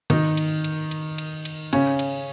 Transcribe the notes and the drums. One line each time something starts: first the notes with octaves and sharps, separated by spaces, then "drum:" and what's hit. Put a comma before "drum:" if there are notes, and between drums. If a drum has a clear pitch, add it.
D#3 D#4, drum: cymbal
drum: cymbal
drum: cymbal
drum: cymbal
drum: cymbal
drum: cymbal
C#3 C#4, drum: cymbal
drum: cymbal